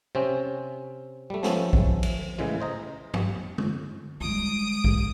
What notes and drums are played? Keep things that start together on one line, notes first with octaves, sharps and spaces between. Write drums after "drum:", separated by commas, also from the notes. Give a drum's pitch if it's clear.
C3 C4 C#4
G3 A3
F3 A3 B3 C#4 A4, drum: snare
drum: kick A#1
drum: cymbal
A2 C#3 E3 G#3
C5 D#5 A#5
drum: tom
drum: tom
G3 G#3 D#6 D7
drum: kick A#1